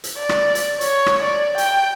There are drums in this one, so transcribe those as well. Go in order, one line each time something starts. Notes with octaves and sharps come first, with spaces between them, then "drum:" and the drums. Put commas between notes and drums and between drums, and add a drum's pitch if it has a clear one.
drum: hi-hat
D5
drum: rim click
drum: hi-hat
C#5, drum: hi-hat
drum: rim click
D5
G5, drum: hi-hat